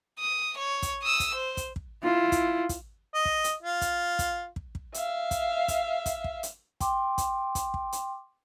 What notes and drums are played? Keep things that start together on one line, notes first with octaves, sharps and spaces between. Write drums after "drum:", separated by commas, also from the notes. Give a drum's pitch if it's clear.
D#6
C#5
drum: kick, hi-hat
D#6 E6
drum: kick, hi-hat
C5
drum: kick, hi-hat
drum: kick
E4 F4
drum: kick, hi-hat
drum: kick, hi-hat
D#5
drum: kick
drum: hi-hat
F4
drum: kick, hi-hat
drum: kick, hi-hat
drum: kick
drum: kick
E5 F5, drum: hi-hat
drum: kick, hi-hat
drum: kick, hi-hat
drum: kick, hi-hat
drum: kick
drum: hi-hat
G5 C6 D6, drum: kick, hi-hat
drum: kick, hi-hat
drum: kick, hi-hat
drum: kick
drum: hi-hat